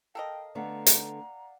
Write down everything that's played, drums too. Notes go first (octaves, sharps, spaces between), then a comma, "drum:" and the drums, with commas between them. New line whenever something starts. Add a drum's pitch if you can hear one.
A4 A#4 D#5 F5 G5
D3 A3 B3 D5 F5 F#5 A#5
drum: hi-hat